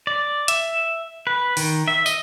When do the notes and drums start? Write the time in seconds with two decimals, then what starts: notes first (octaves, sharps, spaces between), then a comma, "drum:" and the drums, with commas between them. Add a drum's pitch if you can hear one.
0.07 D5
0.48 E5, drum: hi-hat
1.27 B4
1.57 D#3, drum: open hi-hat
1.88 E5
2.06 D#5, drum: tambourine